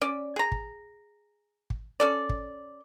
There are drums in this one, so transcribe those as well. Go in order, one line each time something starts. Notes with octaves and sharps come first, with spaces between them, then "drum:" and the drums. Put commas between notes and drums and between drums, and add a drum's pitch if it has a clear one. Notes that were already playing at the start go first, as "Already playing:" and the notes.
C#4 D5
G#4 A#5
drum: kick
drum: kick
C#4 A4 D5
drum: kick